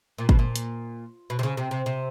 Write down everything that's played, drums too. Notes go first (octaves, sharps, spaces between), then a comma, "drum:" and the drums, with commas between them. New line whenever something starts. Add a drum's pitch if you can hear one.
A#2
B2, drum: kick
A#2
drum: hi-hat
B2
C3
C#3
C3
C3
C3